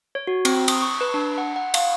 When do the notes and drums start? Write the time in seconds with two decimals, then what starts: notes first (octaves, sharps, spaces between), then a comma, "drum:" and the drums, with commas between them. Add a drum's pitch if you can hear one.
0.15 C#5
0.27 F#4
0.45 C4, drum: cymbal
0.68 D#6, drum: cymbal
0.82 C#6
1.01 B4
1.14 D4
1.38 F#5
1.56 F#5
1.74 F5, drum: cymbal